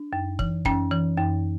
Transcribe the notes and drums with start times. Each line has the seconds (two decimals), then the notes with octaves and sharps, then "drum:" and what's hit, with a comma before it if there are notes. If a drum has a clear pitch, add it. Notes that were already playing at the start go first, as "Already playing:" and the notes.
Already playing: D4
0.13 F#2
0.39 E3, drum: kick
0.65 F#2 C#4, drum: kick
0.91 E3
1.17 F#2